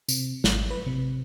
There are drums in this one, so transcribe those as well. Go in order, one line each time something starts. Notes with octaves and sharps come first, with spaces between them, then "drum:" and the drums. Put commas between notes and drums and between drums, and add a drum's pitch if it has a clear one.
C3, drum: tambourine
G#1, drum: snare
B4
C3